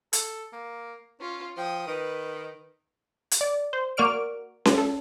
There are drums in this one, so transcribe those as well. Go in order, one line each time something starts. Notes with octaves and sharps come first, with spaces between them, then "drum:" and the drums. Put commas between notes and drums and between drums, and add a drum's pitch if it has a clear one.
A4, drum: hi-hat
A#3
C#4 F4
F3 G5 D#6
D#3 B4
drum: hi-hat
D5
C5
A#3 F#4 D5 F6 D7
drum: snare C#4
A4